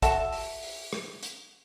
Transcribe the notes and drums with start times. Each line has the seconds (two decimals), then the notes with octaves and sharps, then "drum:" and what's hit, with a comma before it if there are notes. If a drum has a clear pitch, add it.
0.02 F#4 A4 E5, drum: kick, hi-hat
0.32 drum: open hi-hat
0.63 drum: open hi-hat
0.93 drum: rim click
1.23 drum: hi-hat